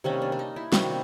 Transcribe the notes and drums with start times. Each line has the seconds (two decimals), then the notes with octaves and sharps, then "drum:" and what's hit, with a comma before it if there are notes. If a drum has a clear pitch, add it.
0.04 C3 D#3 G3 A#3 C#4
0.22 D4
0.32 D4
0.39 D#4
0.56 E4
0.72 C3 D#3 G3 A#3 F#4, drum: snare